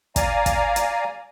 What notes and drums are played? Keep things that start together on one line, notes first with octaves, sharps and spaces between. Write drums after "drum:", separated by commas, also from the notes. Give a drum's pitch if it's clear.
D5 F5 G#5 A#5, drum: kick, hi-hat
drum: kick, hi-hat
drum: hi-hat